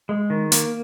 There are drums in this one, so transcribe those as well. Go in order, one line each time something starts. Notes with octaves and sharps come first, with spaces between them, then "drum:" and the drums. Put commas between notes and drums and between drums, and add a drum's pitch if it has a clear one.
G#3
D#3
A#3, drum: hi-hat